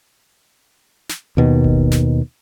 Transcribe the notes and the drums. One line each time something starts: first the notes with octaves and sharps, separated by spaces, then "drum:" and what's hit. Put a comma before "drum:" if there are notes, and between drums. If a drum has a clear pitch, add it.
drum: snare
D#2 B2 D#3
drum: kick G1
drum: snare